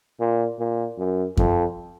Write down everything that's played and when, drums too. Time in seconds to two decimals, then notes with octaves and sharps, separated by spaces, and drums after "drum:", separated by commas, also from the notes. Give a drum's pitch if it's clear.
0.20 A#2
0.59 A#2
0.98 F#2
1.37 F2, drum: kick F#2